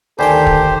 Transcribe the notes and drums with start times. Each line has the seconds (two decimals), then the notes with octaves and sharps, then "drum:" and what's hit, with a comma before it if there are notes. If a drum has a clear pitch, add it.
0.19 D2 D#3 G4 A4 C5 D5 G5 G#5
0.47 drum: kick